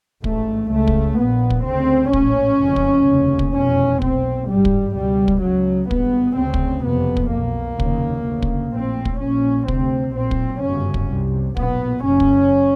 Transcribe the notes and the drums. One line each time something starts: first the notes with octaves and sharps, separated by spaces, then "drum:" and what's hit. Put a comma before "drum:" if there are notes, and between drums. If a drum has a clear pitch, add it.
A1 G#2 A3, drum: kick
C#2 C#3 A3
drum: kick
A#1 A#2 B3
drum: kick
D2 C#3 C4
A#1 A2 C#4, drum: kick
F#1 F2 C#3
drum: kick
F1 D#2 C#3
drum: kick
F1 E2 B2 C#4
B1 B2 C4, drum: kick
G#1 G2 G3
drum: kick
C#2 B2 G3
drum: kick
C#2 C#3 F#3
G#1 G2 B3, drum: kick
D2 C#3 C4
drum: kick
F#1 F2 C3 B3
drum: kick
B1 B2 A#3
F1 D#2 C#3, drum: kick
D2 C#3
drum: kick
A#1 A2 C4
drum: kick
A#1 A#2 C#4
D2 C3 C4, drum: kick
B1 A#2 C4
drum: kick
G1 F#2 C#3 C#4
drum: kick
C2 C3
B1 A#2 B3, drum: kick
F#1 F#2 C#3 C#4
drum: kick